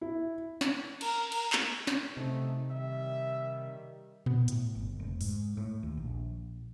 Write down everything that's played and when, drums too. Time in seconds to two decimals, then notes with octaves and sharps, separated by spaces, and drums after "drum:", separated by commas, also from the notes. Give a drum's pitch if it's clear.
0.01 E4
0.61 drum: snare
1.01 A#4, drum: cymbal
1.32 drum: cymbal
1.53 drum: clap
1.87 drum: snare
2.17 F#2 C3 A3 C4 D#4
2.70 D#3 G3 E5
4.26 B3, drum: tom A#2
4.48 A2, drum: hi-hat
4.75 G1
5.00 F1
5.21 G#2, drum: open hi-hat
5.57 A2
5.83 D#2
5.97 A#1